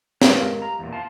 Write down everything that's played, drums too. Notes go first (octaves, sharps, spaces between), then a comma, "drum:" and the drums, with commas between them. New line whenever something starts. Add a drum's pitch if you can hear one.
G3 E4 F#4 B4 C5, drum: snare
G#3 G4 A#4 F5
A#5
E2 A#2
F5 A5